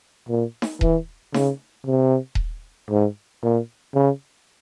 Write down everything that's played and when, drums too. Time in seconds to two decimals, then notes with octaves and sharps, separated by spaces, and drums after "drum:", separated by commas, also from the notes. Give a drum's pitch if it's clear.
0.29 A#2
0.62 drum: snare D#4
0.81 E3, drum: kick D#1
1.34 C#3, drum: snare D#4
1.86 C3
2.35 drum: kick D#1
2.90 G#2
3.43 A#2
3.94 C#3